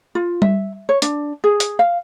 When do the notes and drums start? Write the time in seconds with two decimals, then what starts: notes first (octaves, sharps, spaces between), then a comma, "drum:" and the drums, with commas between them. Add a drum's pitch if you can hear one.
0.15 F4
0.42 E5, drum: tom G3
0.89 C#5
1.02 D4, drum: hi-hat
1.44 G#4
1.60 drum: hi-hat
1.79 F5